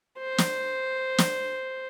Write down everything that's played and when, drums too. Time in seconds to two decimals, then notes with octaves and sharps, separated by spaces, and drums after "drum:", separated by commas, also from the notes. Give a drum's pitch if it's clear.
0.19 C5
0.38 drum: snare
1.18 drum: snare